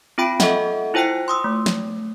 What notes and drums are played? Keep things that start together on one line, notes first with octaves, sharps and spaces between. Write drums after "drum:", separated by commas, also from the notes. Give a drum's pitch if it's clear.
C4 F4 G5 B5 D7
A4 D#5 E5 F#5, drum: snare
E4 F4 C5 G5 F#6 C#7
C6 D#6 E6
A3
drum: snare